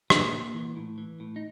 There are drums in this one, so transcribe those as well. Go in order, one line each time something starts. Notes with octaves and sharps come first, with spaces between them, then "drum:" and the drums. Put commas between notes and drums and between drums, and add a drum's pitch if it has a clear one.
A#2, drum: rim click
A#2
E3
A2
E3
A2
D#4